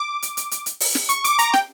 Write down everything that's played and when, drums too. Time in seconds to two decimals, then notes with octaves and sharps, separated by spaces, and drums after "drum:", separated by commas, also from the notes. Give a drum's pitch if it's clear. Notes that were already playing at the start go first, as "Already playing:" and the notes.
Already playing: D6
0.22 drum: hi-hat
0.37 drum: hi-hat
0.51 drum: hi-hat
0.66 drum: hi-hat
0.80 drum: open hi-hat
0.95 drum: snare
1.09 C#6, drum: hi-hat
1.24 D6, drum: hi-hat
1.39 A#5, drum: hi-hat
1.53 G5, drum: snare